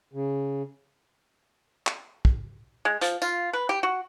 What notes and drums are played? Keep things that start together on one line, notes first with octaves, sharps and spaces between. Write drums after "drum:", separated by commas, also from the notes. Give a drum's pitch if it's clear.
C#3
drum: clap
drum: kick
G#3
F3, drum: hi-hat
F4, drum: tambourine
B4
G4
F#4